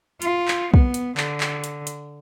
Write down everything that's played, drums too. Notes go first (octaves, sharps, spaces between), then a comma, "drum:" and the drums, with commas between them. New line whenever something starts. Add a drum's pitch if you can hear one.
F4, drum: hi-hat
drum: clap
B3, drum: kick
drum: hi-hat
D3, drum: clap
drum: clap
drum: hi-hat
drum: hi-hat